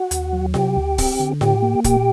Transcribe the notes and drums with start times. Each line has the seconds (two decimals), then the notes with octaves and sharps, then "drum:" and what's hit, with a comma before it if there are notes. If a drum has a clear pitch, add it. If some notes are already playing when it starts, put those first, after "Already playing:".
Already playing: F#4 F#5
0.11 D#2, drum: hi-hat
0.33 F#3
0.54 C3 G4 G5, drum: snare F4
0.76 D2
0.98 C4, drum: kick, open hi-hat
1.19 D3
1.41 A2 G4 G5, drum: snare F4
1.62 A#3
1.84 A#2 G4 G5, drum: kick, hi-hat